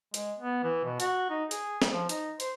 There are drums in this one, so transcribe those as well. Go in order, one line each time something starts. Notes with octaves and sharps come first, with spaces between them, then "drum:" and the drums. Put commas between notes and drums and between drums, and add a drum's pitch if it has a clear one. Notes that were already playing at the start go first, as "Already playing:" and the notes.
G#3, drum: hi-hat
B3
E3
B2
F#4, drum: hi-hat
D#4
G#4, drum: hi-hat
drum: snare
F3
D#4, drum: hi-hat
C5, drum: hi-hat